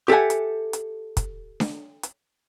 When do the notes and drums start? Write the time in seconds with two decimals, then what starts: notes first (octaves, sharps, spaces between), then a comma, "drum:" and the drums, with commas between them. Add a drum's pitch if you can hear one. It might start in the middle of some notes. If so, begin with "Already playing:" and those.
0.08 G4 A4 E5 F#5 G#5
0.30 drum: hi-hat
0.73 drum: hi-hat
1.17 drum: kick, hi-hat
1.60 drum: snare D4
2.03 drum: hi-hat